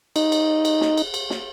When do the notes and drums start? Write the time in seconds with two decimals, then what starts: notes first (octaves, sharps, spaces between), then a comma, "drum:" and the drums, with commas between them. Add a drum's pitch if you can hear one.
0.16 D#4, drum: cymbal
0.32 drum: cymbal
0.65 drum: cymbal
0.81 drum: snare
0.97 drum: cymbal
1.14 drum: cymbal
1.30 drum: snare